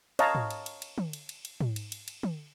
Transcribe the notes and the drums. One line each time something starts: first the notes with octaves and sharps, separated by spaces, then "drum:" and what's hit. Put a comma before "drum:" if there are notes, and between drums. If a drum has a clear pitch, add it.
C#5 D#5 F5 A5 A#5, drum: cymbal
drum: tom
drum: cymbal
drum: cymbal
drum: cymbal
drum: tom
drum: cymbal
drum: cymbal
drum: cymbal
drum: tom
drum: cymbal
drum: cymbal
drum: cymbal
drum: tom